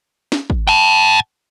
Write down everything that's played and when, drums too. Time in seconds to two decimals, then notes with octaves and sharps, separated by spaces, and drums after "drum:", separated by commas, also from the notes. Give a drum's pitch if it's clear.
0.32 drum: snare
0.50 drum: kick
0.67 G5 A5